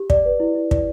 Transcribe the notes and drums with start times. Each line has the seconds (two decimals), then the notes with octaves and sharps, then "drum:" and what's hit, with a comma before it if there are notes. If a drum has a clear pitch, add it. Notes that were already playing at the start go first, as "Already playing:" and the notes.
Already playing: G4
0.10 D5, drum: kick
0.25 B4
0.40 E4
0.55 E4
0.71 D5, drum: kick